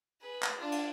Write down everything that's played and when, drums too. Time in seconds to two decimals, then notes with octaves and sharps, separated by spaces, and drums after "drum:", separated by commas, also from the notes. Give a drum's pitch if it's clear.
0.21 G#4 B4
0.43 drum: clap
0.57 D4 F4
0.72 drum: cymbal